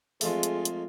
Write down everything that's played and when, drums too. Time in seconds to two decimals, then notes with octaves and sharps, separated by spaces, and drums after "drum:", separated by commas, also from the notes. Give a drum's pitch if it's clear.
0.21 F2 G#3 A3 F4 G#4, drum: open hi-hat
0.43 drum: hi-hat
0.65 drum: hi-hat